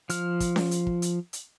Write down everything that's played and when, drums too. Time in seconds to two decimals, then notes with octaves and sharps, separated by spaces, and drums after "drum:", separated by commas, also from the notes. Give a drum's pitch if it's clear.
0.10 F3 F6, drum: hi-hat
0.40 drum: kick, hi-hat
0.56 drum: snare C#4
0.71 drum: hi-hat
0.87 drum: kick
1.02 drum: hi-hat
1.33 drum: hi-hat